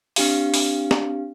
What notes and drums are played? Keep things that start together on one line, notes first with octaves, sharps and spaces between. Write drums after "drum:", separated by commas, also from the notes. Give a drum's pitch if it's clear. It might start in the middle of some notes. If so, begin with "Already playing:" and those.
C4 D4 G4 F5, drum: open hi-hat
drum: open hi-hat
drum: snare